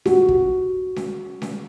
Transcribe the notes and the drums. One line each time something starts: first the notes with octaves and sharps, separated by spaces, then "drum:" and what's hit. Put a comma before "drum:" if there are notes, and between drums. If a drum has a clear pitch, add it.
F#4, drum: snare C#4
drum: kick
drum: snare C#4
drum: snare C#4